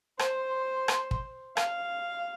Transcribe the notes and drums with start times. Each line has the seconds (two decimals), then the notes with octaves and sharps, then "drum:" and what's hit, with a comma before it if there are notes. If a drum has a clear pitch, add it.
0.19 C5, drum: rim click
0.88 drum: rim click
1.11 drum: kick
1.57 F5, drum: rim click